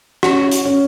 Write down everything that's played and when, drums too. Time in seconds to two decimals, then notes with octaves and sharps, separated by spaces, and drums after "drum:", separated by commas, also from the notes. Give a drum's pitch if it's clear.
0.23 C#4 F#4, drum: rim click
0.52 drum: hi-hat
0.65 C#4